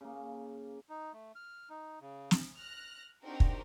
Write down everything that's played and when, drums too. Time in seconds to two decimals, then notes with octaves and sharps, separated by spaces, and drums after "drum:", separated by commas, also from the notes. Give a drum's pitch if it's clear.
0.01 C#3 A#3
0.89 D#4
1.13 A3
1.35 F6
1.70 D#4
2.01 C#3
2.31 drum: snare
2.56 F6 F#6 A#6
3.23 C4 D4 D#4 F#4 G4 A#4
3.40 drum: kick